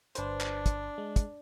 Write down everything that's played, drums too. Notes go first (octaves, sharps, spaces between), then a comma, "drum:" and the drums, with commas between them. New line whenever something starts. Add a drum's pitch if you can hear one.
G1 D4 B4 C5, drum: hi-hat
drum: clap
drum: kick, hi-hat
G#3
drum: kick, hi-hat